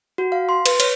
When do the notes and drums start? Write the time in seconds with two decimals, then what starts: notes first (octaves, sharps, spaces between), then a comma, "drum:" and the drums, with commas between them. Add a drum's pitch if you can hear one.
0.18 F#4
0.32 F5
0.49 C6
0.66 B4, drum: cymbal
0.80 C#5, drum: cymbal